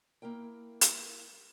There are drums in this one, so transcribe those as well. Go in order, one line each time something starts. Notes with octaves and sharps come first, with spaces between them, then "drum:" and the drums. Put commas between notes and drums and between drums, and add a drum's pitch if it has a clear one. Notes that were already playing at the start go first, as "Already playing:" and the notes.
A#3 E4 A#4 G5
drum: hi-hat